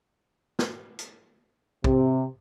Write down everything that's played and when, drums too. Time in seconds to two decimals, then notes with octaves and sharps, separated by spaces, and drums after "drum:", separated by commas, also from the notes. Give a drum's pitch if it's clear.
0.59 drum: snare
0.99 drum: hi-hat
1.84 C3, drum: kick